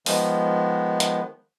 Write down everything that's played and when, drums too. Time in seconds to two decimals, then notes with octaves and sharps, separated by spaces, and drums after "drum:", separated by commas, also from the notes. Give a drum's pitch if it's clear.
0.06 D#3 F3 G#3 B3, drum: open hi-hat
1.00 drum: hi-hat